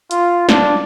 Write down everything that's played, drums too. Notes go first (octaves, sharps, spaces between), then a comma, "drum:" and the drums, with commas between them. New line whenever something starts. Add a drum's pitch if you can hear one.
F4, drum: hi-hat
D4, drum: snare